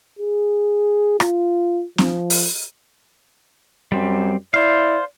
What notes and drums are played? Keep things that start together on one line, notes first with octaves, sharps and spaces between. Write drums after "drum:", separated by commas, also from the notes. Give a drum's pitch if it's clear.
G#4
F4, drum: rim click
F3, drum: snare C4
drum: open hi-hat
F#2 G3 C4
E4 C5 D5 F5